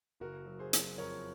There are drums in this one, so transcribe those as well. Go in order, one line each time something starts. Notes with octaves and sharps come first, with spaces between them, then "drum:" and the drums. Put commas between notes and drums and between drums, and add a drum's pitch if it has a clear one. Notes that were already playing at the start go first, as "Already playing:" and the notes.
F#1 F#4 A#4
F#3
G#4 C5
F#3, drum: hi-hat
F2 A#4 C#5